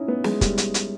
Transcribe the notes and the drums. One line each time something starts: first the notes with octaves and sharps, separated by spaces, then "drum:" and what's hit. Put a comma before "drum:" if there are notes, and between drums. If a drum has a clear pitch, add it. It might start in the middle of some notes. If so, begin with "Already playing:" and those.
Already playing: C#4 D#4 E4
B3
G#3, drum: snare
G3, drum: kick, hi-hat
drum: hi-hat
drum: hi-hat